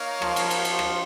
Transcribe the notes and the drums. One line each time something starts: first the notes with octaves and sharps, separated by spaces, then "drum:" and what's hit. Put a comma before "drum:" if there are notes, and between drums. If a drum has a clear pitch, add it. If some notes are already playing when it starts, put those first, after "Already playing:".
Already playing: A#3 D#4 A#4 C#5 F5
F3, drum: rim click
drum: cymbal
drum: cymbal
drum: cymbal
drum: rim click